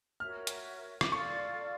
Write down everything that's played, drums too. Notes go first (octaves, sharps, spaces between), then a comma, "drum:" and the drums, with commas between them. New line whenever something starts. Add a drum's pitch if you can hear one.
F#4 A#4 C#5 E5 F6
drum: hi-hat
D6, drum: rim click
F4 A4 D5 C#6